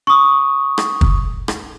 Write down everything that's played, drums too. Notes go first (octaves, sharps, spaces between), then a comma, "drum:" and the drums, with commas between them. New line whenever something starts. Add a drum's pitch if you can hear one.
C#6 D#6
drum: rim click
drum: kick
drum: rim click